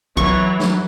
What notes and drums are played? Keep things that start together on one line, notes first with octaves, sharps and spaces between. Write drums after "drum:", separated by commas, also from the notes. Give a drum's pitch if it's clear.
E3 F#3 C#6, drum: kick
drum: snare